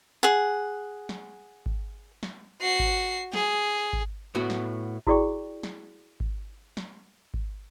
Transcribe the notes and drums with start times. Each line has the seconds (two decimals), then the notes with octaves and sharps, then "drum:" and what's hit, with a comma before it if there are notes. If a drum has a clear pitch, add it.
0.23 G#4 F#5
1.09 drum: snare
1.66 drum: kick G#1
2.23 drum: snare
2.61 F#4 C7
2.79 drum: kick G#1
3.33 G#4, drum: snare
3.93 drum: kick G#1
4.35 A2 B3 F#4
4.50 drum: snare
5.07 E4 F#4 G#4 D5 G5 C#6, drum: kick G#1
5.63 drum: snare
6.20 drum: kick G#1
6.77 drum: snare
7.34 drum: kick G#1